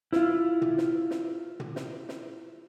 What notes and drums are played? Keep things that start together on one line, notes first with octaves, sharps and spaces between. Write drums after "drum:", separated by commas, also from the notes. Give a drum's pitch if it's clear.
E4 F4, drum: snare
drum: tom
drum: snare
drum: snare
drum: tom
drum: snare
drum: snare